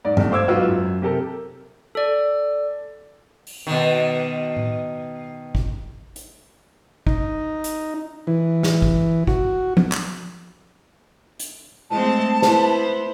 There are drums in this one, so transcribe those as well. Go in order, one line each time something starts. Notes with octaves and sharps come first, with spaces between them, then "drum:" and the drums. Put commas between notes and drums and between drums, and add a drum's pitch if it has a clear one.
G#2 D5
G1 A3, drum: tom G2
C5 F5 D6 E6 G#6
B1 G#2 F4 F#4 B4 E6
F#2
C3 G4 A4 A#4
A4 D5
drum: open hi-hat
B2 D#3
drum: tom A2
drum: kick
drum: hi-hat
D#4, drum: kick
drum: hi-hat
E3
drum: snare
drum: kick
F#4, drum: kick
drum: tom
drum: clap
drum: hi-hat
G#3 A3 C4 A5
B3 E4 C5, drum: snare